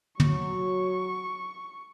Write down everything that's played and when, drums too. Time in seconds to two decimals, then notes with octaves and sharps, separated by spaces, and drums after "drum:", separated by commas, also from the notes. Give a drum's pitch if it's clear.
0.20 F#3 C#6, drum: tom